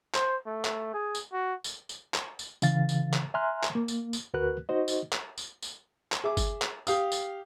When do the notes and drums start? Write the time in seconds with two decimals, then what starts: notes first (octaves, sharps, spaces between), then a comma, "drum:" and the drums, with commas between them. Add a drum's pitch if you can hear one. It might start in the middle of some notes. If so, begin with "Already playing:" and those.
0.14 C5, drum: clap
0.46 A3
0.65 drum: clap
0.94 G#4
1.15 drum: tambourine
1.33 F#4
1.64 drum: tambourine
1.89 drum: tambourine
2.14 drum: clap
2.39 drum: tambourine
2.62 C#3 E3 F5 A6, drum: tambourine
2.89 drum: tambourine
3.14 drum: clap
3.34 E5 G#5 A#5 C6 F6 F#6
3.63 drum: clap
3.75 A#3
3.88 drum: tambourine
4.13 drum: tambourine
4.34 D2 F#4 A#4 B4 F#6
4.69 D#4 F#4 C5 D#5
4.88 drum: tambourine
5.13 drum: clap
5.38 drum: tambourine
5.62 drum: tambourine
6.12 drum: clap
6.24 G#4 E5 D6
6.37 drum: kick G1, tambourine
6.62 drum: clap
6.87 G4 F5 D#6, drum: tambourine
7.12 drum: tambourine